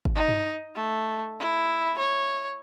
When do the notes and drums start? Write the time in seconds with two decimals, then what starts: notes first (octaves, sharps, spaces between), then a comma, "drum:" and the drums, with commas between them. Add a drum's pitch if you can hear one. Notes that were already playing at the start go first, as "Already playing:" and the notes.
0.05 drum: kick
0.15 D#4
0.28 drum: tom G2
0.75 A3
1.40 E4
1.98 C#5